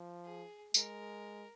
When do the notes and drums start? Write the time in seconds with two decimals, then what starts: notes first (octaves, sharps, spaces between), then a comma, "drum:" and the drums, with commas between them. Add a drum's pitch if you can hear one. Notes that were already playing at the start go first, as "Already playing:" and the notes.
Already playing: F3
0.24 G#4
0.74 G#3 A#4, drum: tambourine